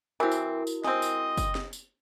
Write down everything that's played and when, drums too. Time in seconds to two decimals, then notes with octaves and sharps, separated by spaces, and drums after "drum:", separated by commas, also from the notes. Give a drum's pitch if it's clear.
0.20 E3 C4 E4 F#4 A#4
0.32 drum: tambourine
0.67 drum: tambourine
0.84 G#3 C4 D#5, drum: snare
1.02 drum: tambourine
1.37 drum: kick F#1, tambourine
1.55 drum: snare
1.73 drum: tambourine